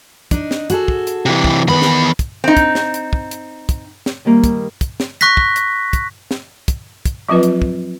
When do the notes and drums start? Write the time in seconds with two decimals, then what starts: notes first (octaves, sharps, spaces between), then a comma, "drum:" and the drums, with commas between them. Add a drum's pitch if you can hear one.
0.31 D4 D#4, drum: kick, hi-hat
0.51 drum: snare
0.70 F#4 G#4 A4, drum: hi-hat
0.88 drum: kick
1.07 drum: hi-hat
1.26 C3 E3
1.44 drum: kick
1.68 E2 D#3 B3 B5
1.82 drum: snare
2.19 drum: kick, hi-hat
2.44 C4 D#4
2.57 drum: kick, hi-hat
2.75 drum: snare
2.94 drum: hi-hat
3.13 drum: kick
3.31 drum: hi-hat
3.69 drum: kick, hi-hat
4.06 drum: snare
4.25 D#3 G3 A#3
4.44 drum: kick, hi-hat
4.81 drum: kick, hi-hat
5.00 drum: snare
5.21 C#6 F#6 A#6 B6, drum: hi-hat
5.37 drum: kick
5.56 drum: hi-hat
5.93 drum: kick, hi-hat
6.31 drum: snare
6.68 drum: kick, hi-hat
7.05 drum: kick, hi-hat
7.29 F3 F#3 C4 F4 B4 D#5
7.43 drum: hi-hat
7.62 drum: kick